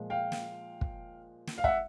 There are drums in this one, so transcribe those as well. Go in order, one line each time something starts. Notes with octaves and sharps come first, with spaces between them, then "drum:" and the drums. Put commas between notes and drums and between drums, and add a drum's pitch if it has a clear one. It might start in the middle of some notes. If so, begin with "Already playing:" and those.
Already playing: A#2 F3 G#3
F5 G5
drum: snare
drum: kick
drum: snare
F5
E5 F#5, drum: kick